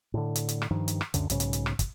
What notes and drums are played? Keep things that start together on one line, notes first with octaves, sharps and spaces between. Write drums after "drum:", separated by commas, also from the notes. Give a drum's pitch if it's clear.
A2 D3
drum: hi-hat
drum: hi-hat
drum: rim click
G2 D#3 F3
drum: hi-hat
drum: rim click
C#2 F#2 D3, drum: hi-hat
B1 G#2 C#3 C#4, drum: hi-hat
drum: hi-hat
drum: hi-hat
drum: rim click
drum: kick, hi-hat